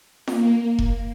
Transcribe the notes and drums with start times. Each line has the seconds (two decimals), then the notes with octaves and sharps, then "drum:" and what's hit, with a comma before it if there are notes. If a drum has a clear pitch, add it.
0.27 A#3, drum: snare F4
0.79 drum: kick E1